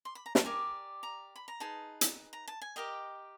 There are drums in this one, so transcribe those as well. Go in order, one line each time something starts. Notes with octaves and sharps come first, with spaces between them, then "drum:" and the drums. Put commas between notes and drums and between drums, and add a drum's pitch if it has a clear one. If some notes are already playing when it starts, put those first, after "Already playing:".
C6
B5
A#5
A5, drum: snare
G4 A#4 D5 G#5
A#5
B5
A#5
D#4 G#4 B4 A5
drum: hi-hat
A#5
A5
G#5
G4 A#4 D#5 G5